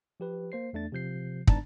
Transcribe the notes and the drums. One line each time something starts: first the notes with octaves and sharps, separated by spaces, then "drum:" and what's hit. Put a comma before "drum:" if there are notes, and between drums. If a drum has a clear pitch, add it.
F3 G4 B4
A#3 C5 C7
E2 A3 D4 A6
C3 F3 G6 C7
G#2 B3 D4 A5 A#5 A6, drum: kick